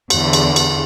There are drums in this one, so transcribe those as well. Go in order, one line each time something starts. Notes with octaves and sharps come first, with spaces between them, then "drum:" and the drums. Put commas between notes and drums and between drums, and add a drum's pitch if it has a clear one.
E2 D3, drum: cymbal
drum: cymbal
drum: cymbal